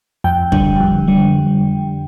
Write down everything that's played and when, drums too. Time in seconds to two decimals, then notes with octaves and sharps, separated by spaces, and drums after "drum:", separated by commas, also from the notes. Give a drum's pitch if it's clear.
0.24 F2 G5
0.52 D3 G3, drum: kick
0.80 F2
1.08 D3 G3